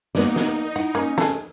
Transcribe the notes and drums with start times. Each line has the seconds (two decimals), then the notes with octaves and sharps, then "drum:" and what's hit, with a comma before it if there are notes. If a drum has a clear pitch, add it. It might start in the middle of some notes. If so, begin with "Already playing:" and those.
0.15 A#3 B3 D#4 D5, drum: snare
0.36 drum: snare
0.76 E4 F#5
0.95 A#3 C#4 D#5
1.18 A3 G#4, drum: snare